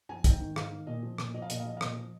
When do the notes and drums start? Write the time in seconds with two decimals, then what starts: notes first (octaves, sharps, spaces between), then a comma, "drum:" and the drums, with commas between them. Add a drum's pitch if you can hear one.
0.09 F3 G#5
0.24 G#2 G5, drum: kick, hi-hat
0.41 D#3
0.56 G#2 F5, drum: rim click
0.72 D#3
0.87 A#2 D#5
1.03 F3
1.18 A#2, drum: rim click
1.34 F3 D#5
1.42 F5
1.50 A#2 D#5, drum: hi-hat
1.60 F5
1.65 F3 D#5
1.77 F5
1.81 A#2 D#5, drum: rim click
1.96 F3